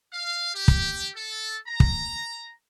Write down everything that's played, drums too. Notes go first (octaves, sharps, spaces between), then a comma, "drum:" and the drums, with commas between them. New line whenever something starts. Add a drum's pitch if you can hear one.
F5
G4
drum: kick
A4
A#5
drum: kick